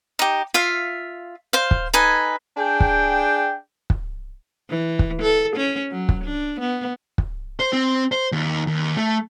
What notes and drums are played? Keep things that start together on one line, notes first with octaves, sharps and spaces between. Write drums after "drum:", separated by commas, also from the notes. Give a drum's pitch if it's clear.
D#4 G4
F4 E5 F5
C5 F5
drum: kick
D#4 A4 B4 G#5
D4 G#4 G5
drum: kick
drum: kick
E3
drum: kick
A4
C#4
F#3
drum: kick
D4
B3
drum: kick
C5
C4
C5
D#2
D#2
A3